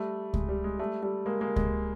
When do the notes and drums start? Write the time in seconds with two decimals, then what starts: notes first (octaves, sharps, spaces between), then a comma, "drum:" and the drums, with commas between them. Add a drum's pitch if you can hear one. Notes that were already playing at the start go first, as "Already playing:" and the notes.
Already playing: G3 A3
0.34 G#3, drum: kick C#2
0.49 G3
0.64 G#3
0.79 G3 A3
1.03 G3 A3
1.26 G#3 A#3
1.41 G#3 A#3
1.56 G#3, drum: kick C#2